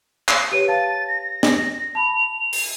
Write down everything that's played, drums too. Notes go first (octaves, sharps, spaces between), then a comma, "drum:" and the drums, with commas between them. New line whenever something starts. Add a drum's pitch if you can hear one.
drum: clap
G4 B4 C#5 D#7
F5 A5 A6
A#6
drum: snare
A5 B5 F7
drum: open hi-hat